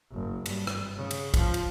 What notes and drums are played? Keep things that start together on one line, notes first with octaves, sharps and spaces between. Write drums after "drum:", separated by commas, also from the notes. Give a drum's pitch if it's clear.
F#1
G2, drum: cymbal
drum: rim click
C#3
drum: cymbal
F3, drum: kick, cymbal
drum: cymbal